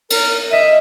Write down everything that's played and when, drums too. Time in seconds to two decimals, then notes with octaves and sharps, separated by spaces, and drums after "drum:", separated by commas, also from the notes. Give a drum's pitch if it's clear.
0.10 A#4, drum: cymbal
0.51 D#5 E5 D#7